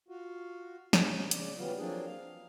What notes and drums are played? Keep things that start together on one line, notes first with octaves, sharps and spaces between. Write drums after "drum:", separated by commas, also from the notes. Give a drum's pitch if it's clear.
F4 F#4
C#4, drum: snare
C#3 D5, drum: hi-hat
E3 F#3 G3 B3 F4
F3 F#3 A#3 C4 D4 G#4
F5